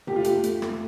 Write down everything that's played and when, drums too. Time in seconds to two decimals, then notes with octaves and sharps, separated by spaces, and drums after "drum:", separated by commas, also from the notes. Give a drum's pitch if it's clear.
0.07 A3 G4, drum: tom C3
0.16 F4
0.24 A3 G4, drum: hi-hat
0.44 A3, drum: hi-hat
0.62 A3, drum: rim click